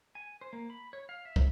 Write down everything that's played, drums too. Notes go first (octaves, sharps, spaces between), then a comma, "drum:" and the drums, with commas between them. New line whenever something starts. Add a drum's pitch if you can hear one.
G#5
C5
A#3
B5
C#5
F5
E5
drum: kick